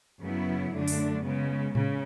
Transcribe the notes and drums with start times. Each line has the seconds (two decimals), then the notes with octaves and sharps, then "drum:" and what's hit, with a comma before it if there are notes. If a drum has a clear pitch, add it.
0.21 F#2 C#3 F#3 B3 E4
0.73 F#2 D3 A3 D4
0.88 drum: open hi-hat
1.24 C#3 G#3 B3
1.75 C#3, drum: tom A2